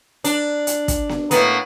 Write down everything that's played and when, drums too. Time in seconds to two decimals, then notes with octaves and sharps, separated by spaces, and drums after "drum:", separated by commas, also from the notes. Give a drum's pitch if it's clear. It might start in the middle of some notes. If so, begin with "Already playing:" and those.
0.24 D4, drum: hi-hat
0.67 drum: hi-hat
0.88 drum: kick, hi-hat
1.09 drum: snare B3
1.31 A2 A#3 B3, drum: hi-hat